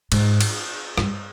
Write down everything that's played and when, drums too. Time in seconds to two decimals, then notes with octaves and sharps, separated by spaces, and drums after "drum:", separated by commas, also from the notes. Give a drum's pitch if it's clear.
0.12 G#2, drum: cymbal
0.40 drum: cymbal
0.97 G2, drum: rim click